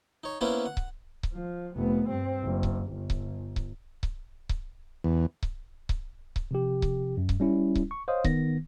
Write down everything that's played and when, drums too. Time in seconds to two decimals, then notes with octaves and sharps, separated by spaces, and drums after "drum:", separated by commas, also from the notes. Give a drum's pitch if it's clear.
0.24 D#4 C#5
0.41 A#3 B3 C#4 E4 B4 C5
0.66 F#5
0.77 drum: kick C#1
1.23 drum: kick C#1
1.33 F3
1.76 F1 B3
2.09 G2 C4
2.44 F#1
2.63 drum: kick C#1
2.93 G1
3.10 drum: kick C#1
3.56 drum: kick C#1
4.03 drum: kick C#1
4.49 drum: kick C#1
5.04 E2
5.43 drum: kick C#1
5.89 drum: kick C#1
6.36 drum: kick C#1
6.51 C3 F3 G4
6.82 drum: kick C#1
7.17 F#2
7.29 drum: kick C#1
7.40 G3 C#4 E4
7.75 drum: kick C#1
7.91 C#6
8.08 C5 C#5 D#5 F5 D#6
8.24 D#3 B3 A#6, drum: kick C#1